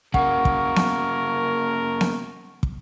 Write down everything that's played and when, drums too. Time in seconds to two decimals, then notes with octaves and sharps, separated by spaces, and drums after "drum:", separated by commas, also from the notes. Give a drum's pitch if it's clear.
0.14 C#3 A#3 A#4 F#5 C#6, drum: kick
0.45 drum: kick
0.76 drum: snare B3
2.01 drum: snare B3
2.63 drum: kick